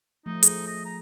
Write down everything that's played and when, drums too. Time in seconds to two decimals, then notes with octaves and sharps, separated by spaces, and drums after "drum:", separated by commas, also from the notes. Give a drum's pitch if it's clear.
0.26 F3 A3 D#4
0.43 G#4, drum: hi-hat
0.67 D#5
0.85 A#5